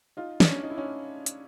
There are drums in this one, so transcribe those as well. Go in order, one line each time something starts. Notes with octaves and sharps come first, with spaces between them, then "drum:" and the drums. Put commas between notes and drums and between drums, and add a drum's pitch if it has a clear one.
D#4 F4
D4, drum: snare
C#4
D#4
E4
C#4 D#4
drum: hi-hat